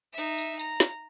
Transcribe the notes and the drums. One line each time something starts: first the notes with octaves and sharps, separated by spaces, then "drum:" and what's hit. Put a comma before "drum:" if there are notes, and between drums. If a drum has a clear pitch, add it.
D#4 E5
drum: tambourine
A#5, drum: tambourine
drum: snare